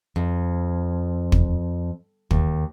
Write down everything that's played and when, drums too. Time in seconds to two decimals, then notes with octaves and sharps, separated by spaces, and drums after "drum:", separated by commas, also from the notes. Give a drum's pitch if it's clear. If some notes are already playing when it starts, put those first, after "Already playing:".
0.16 F2
1.32 drum: kick
2.31 D#2, drum: kick